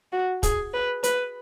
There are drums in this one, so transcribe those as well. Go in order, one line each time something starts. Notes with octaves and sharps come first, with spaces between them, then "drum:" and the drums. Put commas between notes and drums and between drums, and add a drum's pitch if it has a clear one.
F#4
G#4, drum: kick, hi-hat
B4
B4, drum: hi-hat